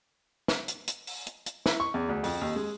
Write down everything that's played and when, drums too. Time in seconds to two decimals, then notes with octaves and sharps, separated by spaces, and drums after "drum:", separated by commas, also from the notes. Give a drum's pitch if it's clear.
0.48 drum: snare
0.68 drum: hi-hat
0.87 drum: hi-hat
1.07 drum: open hi-hat
1.27 drum: hi-hat
1.46 drum: hi-hat
1.66 E4, drum: snare
1.80 C#6
1.94 E2
2.09 D2
2.24 F2, drum: open hi-hat
2.41 D#2
2.56 G#3